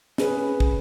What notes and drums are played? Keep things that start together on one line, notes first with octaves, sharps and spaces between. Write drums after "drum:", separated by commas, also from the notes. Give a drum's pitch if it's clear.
C#4 G#4 B4, drum: snare
drum: kick